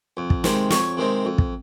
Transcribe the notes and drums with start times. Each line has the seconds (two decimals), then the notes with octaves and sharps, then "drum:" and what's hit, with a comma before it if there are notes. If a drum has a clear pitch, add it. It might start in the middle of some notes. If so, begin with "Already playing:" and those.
0.17 F2
0.30 drum: kick
0.44 C3 D#3 G#3 C4, drum: snare
0.70 F2 C#5, drum: snare
0.97 C3 D#3 G#3 C4
1.25 F2
1.38 drum: kick